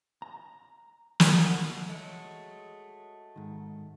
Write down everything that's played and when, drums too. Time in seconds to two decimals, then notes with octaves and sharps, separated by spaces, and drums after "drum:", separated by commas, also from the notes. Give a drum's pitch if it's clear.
0.22 A#5
1.20 drum: snare
1.37 B2 E3 F#5
1.88 F#3 G#3 A3
3.36 G#2 D#3